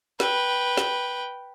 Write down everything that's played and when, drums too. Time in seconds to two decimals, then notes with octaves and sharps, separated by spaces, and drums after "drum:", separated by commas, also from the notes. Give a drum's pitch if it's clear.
0.20 B4 G5, drum: snare
0.77 drum: snare